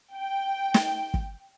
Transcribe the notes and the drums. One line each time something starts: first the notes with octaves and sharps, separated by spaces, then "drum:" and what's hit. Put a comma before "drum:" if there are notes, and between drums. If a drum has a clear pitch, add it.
G5
drum: snare
drum: kick